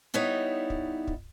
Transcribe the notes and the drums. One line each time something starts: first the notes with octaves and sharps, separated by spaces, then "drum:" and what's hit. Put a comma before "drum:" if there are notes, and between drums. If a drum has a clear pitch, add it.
G3 B3 D#4 E4 C#5
drum: kick
drum: kick